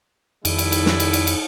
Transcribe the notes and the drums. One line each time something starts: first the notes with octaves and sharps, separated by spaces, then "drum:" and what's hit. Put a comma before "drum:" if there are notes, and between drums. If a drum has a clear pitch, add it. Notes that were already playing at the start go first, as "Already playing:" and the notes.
F2 D#3 G3 E4, drum: cymbal
drum: cymbal
drum: cymbal
drum: snare
drum: cymbal
drum: cymbal
drum: cymbal